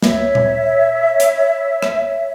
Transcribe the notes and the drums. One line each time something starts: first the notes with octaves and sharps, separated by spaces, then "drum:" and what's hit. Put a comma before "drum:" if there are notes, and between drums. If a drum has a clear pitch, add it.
C#5 E5, drum: snare
drum: tom A#2
drum: hi-hat
drum: rim click